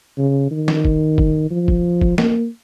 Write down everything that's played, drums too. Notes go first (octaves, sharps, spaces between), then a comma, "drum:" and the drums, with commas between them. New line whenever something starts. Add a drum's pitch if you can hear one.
C#3
D#3
drum: snare
drum: kick
drum: kick
F3
drum: kick
drum: kick
A#3, drum: snare